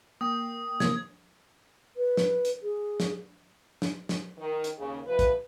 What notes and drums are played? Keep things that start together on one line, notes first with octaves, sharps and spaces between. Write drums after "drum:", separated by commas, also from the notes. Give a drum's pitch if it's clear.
A#3 G5 D#6
C3 E3 A#3 G#6, drum: snare
B4
drum: snare
drum: hi-hat
G#4
drum: snare
drum: snare
drum: snare
D#3
drum: hi-hat
D#2 C#3
C3 F3 B4
drum: kick, hi-hat